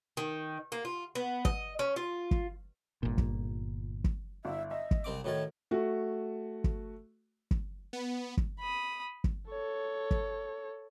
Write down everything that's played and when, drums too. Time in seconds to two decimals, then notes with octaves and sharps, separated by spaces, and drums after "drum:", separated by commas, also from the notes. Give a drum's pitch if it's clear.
0.17 D#3
0.72 A#3
0.85 F4
1.15 B3
1.45 D#5, drum: kick
1.79 C#4
1.96 F4
2.31 drum: kick
3.03 G1 A#2
3.18 drum: kick
4.04 drum: kick
4.45 G1 E4 E5
4.71 D#5 E5
4.91 drum: kick
5.04 C2 C4 D6
5.25 A2 D#3 F#4 A#4 C#5 A5
5.71 A3 F#4
6.64 drum: kick
7.51 drum: kick
7.93 B3
8.37 drum: kick
8.59 B5 D#6
9.24 drum: kick
9.50 A4 C#5
10.11 drum: kick